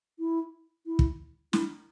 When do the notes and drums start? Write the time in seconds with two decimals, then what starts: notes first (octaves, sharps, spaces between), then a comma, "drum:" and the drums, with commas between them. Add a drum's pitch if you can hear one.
0.19 E4
0.87 E4
0.99 drum: kick
1.53 E4, drum: snare